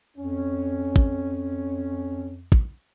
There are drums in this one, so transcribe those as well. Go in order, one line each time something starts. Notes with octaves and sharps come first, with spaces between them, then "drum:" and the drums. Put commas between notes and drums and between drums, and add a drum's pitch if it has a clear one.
F2 C#4
drum: kick
drum: kick